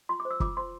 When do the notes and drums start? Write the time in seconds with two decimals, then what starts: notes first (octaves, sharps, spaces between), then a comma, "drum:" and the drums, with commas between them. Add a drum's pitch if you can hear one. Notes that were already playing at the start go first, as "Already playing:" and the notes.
0.09 F4 C6
0.20 D6
0.25 C5
0.31 E6
0.40 F4 D6, drum: kick
0.57 C5 C6